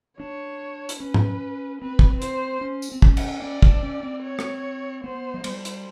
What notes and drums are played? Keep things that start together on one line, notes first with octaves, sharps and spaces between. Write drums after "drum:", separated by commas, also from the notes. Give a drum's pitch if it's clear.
D4 C#5
drum: hi-hat
C#4 B4
drum: tom
C4 B4
drum: kick
C5, drum: hi-hat
C#4
drum: tambourine
C4
C#4, drum: kick
drum: cymbal
C#4 D5
D4, drum: kick
C#4
C4
C#5
drum: rim click
B3 C5
F#3
G3, drum: cymbal
drum: hi-hat